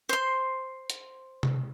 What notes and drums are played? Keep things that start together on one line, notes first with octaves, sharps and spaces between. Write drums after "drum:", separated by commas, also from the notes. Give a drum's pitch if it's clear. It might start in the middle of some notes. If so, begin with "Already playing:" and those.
C5 C6
drum: hi-hat
drum: tom C3